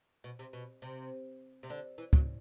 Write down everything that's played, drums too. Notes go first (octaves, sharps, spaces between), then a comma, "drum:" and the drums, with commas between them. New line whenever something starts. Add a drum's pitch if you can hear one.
B2
C3
B2
C3
C3
D3
E3
F#3, drum: kick